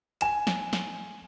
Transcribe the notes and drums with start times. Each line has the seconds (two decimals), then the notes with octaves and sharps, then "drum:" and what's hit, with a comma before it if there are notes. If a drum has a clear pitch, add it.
0.21 G#5 E7, drum: hi-hat
0.47 drum: snare
0.73 drum: snare